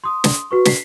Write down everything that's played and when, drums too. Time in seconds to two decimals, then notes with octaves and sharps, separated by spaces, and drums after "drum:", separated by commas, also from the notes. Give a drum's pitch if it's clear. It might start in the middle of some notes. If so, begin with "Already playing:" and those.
0.04 C6 D#6
0.24 drum: snare
0.51 F#4 B4 C#6
0.66 B6 C7, drum: snare